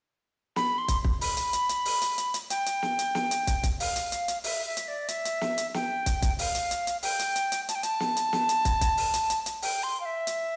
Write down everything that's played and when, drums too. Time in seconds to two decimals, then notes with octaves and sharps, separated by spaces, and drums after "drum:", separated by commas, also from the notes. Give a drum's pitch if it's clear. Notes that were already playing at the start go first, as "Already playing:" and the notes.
0.56 B5, drum: snare
0.78 C6
0.88 drum: kick, hi-hat
1.04 drum: kick
1.21 B5, drum: open hi-hat
1.37 drum: hi-hat
1.53 drum: hi-hat
1.69 drum: hi-hat
1.85 drum: open hi-hat
2.02 drum: hi-hat
2.18 drum: hi-hat
2.34 drum: hi-hat
2.50 G5, drum: hi-hat
2.66 drum: hi-hat
2.83 drum: snare
2.99 drum: hi-hat
3.15 drum: snare
3.31 drum: hi-hat
3.47 drum: kick, hi-hat
3.63 drum: kick, hi-hat
3.80 F5, drum: open hi-hat
3.96 drum: hi-hat
4.12 drum: hi-hat
4.28 drum: hi-hat
4.44 E5, drum: open hi-hat
4.66 E5
4.77 drum: hi-hat
4.88 D5
5.08 E5, drum: hi-hat
5.25 drum: hi-hat
5.41 drum: snare
5.58 drum: hi-hat
5.74 G5, drum: snare
6.06 drum: kick, hi-hat
6.22 drum: kick, hi-hat
6.39 F5, drum: open hi-hat
6.55 drum: hi-hat
6.71 drum: hi-hat
6.87 drum: hi-hat
7.03 G5, drum: open hi-hat
7.19 drum: hi-hat
7.36 drum: hi-hat
7.52 drum: hi-hat
7.69 A5, drum: hi-hat
7.75 G5
7.83 A5, drum: hi-hat
8.00 drum: snare
8.17 drum: hi-hat
8.33 drum: snare
8.49 drum: hi-hat
8.65 drum: kick, hi-hat
8.81 drum: kick, hi-hat
8.97 drum: open hi-hat
9.14 drum: hi-hat
9.30 drum: hi-hat
9.46 drum: hi-hat
9.62 G5, drum: open hi-hat
9.83 C6
10.00 F5
10.05 E5
10.27 drum: hi-hat